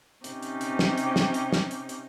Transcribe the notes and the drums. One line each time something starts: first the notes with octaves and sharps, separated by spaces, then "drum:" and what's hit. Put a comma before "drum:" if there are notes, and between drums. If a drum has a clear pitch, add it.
C3 C#4 D#4 G4, drum: hi-hat
drum: hi-hat
drum: hi-hat
drum: snare
drum: hi-hat
drum: snare
drum: hi-hat
drum: snare
drum: hi-hat
drum: hi-hat